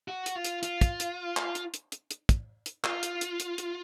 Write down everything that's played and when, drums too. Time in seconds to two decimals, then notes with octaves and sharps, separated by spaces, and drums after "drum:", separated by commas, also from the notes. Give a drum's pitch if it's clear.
0.08 F#4
0.26 drum: hi-hat
0.35 F4
0.44 drum: hi-hat
0.63 F4, drum: hi-hat
0.81 drum: kick, hi-hat
1.00 drum: hi-hat
1.37 drum: clap
1.55 drum: hi-hat
1.74 drum: hi-hat
1.92 drum: hi-hat
2.11 drum: hi-hat
2.29 drum: kick, hi-hat
2.66 drum: hi-hat
2.84 F4, drum: clap
3.03 drum: hi-hat
3.21 drum: hi-hat
3.40 drum: hi-hat
3.58 drum: hi-hat